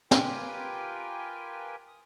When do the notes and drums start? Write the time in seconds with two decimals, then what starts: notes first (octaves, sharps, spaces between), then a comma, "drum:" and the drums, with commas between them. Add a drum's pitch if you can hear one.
0.11 F4 G4 A#4 B4 G5 G#5, drum: snare
1.88 D#6